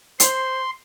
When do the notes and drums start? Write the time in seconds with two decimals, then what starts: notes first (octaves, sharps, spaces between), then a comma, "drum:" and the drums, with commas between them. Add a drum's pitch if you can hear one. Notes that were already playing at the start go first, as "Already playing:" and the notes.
0.20 C5 C6, drum: hi-hat